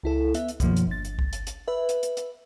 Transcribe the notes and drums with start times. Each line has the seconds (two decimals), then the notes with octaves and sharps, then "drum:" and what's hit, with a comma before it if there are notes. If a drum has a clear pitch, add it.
0.03 C#2 E4 A4
0.34 B3 E5, drum: hi-hat
0.48 drum: hi-hat
0.60 F#2 B2 D#3 F3 A#3, drum: kick C2, hi-hat
0.77 drum: hi-hat
0.87 G1 A6
1.05 drum: hi-hat
1.19 drum: kick C2
1.33 drum: hi-hat
1.47 drum: hi-hat
1.68 B4 E5
1.89 drum: hi-hat
2.03 drum: hi-hat
2.17 drum: hi-hat